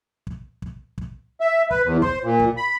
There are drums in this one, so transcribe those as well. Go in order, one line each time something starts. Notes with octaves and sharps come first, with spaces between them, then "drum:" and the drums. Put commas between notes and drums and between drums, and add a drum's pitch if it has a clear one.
drum: kick
drum: kick
drum: kick
E5
B4, drum: kick
E2
C5, drum: kick
A#2
drum: kick
B5